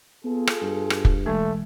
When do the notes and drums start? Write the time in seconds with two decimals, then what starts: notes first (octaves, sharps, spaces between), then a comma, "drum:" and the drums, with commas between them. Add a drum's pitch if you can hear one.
0.24 B3 F4 G#4 A4
0.47 drum: rim click
0.62 G2
0.90 drum: rim click
1.05 drum: kick
1.26 B2 E3 G#3 A3